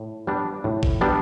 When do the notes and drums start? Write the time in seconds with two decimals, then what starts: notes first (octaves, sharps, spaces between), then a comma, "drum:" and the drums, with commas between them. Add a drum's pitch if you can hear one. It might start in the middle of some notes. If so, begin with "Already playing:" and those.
Already playing: A2
0.27 G3 B3 D4
0.64 A2
0.83 drum: kick G#1
1.01 G3 B3 D4